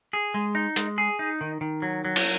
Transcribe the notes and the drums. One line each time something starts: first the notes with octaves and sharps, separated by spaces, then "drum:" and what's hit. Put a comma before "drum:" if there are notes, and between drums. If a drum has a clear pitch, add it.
G#4
G#3
D#4
G#3, drum: hi-hat
G#4
D#4
D#3
D#3
F#3
F#3
drum: cymbal